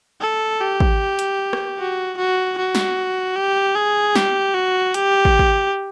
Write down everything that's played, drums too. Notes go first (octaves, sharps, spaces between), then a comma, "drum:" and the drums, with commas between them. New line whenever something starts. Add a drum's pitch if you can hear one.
A4
G4
drum: kick
drum: hi-hat
drum: rim click
F#4
F#4
F#4
drum: snare
G4
G#4
G4, drum: snare
F#4
G4, drum: hi-hat
drum: kick
drum: kick